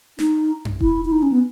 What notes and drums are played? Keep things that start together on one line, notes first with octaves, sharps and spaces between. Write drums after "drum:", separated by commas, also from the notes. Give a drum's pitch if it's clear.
D#4, drum: snare
drum: tom F#2
E4, drum: kick E1
E4
D#4
C#4
B3